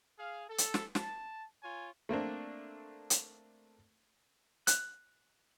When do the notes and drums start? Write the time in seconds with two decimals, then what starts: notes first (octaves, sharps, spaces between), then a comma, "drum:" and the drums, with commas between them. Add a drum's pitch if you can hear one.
0.19 G#4 F5
0.49 A4
0.58 drum: hi-hat
0.74 drum: snare
0.95 A5, drum: snare
1.63 F4 C#5 G#5
2.09 A3 A#3 C4 D4
3.10 drum: hi-hat
4.67 F#6, drum: hi-hat